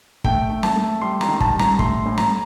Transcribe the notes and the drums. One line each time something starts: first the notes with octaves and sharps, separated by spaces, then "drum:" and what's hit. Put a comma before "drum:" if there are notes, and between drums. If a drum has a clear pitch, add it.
A3 G5, drum: kick
A3
A5, drum: snare
A3
G3 C6
A#5, drum: snare
D#3
A5, drum: kick
G3
A#5, drum: snare
A3 C6, drum: kick
A2
A#5, drum: snare